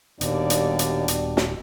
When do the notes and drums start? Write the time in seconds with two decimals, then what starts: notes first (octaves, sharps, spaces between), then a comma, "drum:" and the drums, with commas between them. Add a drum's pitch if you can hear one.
0.21 D#1 D#2 B2 G3 D4 D5, drum: hi-hat
0.50 drum: hi-hat
0.79 drum: hi-hat
1.08 drum: hi-hat
1.37 drum: snare